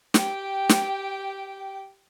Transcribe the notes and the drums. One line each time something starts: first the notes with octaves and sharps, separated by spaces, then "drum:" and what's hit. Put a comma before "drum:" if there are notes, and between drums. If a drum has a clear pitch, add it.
G4 G5, drum: snare
drum: snare